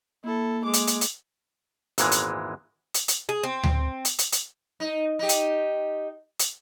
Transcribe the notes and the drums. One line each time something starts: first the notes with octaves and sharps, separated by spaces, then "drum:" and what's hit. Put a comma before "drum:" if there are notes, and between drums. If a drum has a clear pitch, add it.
A#3 E4 A4
G#3 D6
drum: hi-hat
drum: hi-hat
drum: hi-hat
G#1 E2 A#2 E3 G#3, drum: hi-hat
drum: hi-hat
drum: hi-hat
drum: hi-hat
G#4
C4
drum: tom D2
drum: hi-hat
drum: hi-hat
drum: hi-hat
D#4
D#4 G4
drum: hi-hat
drum: hi-hat